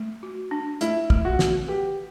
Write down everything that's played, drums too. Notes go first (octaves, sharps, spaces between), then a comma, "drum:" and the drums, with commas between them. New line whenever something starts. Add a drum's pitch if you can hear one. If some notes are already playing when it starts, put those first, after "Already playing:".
Already playing: A3
F#4
D4
A3 E4, drum: hi-hat
A3, drum: kick
F#4
F#4, drum: snare
G4 B4